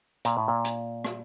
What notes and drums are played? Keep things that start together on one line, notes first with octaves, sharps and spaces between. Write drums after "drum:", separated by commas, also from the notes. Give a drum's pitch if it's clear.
A#2, drum: hi-hat
A2
A#2
drum: hi-hat
drum: rim click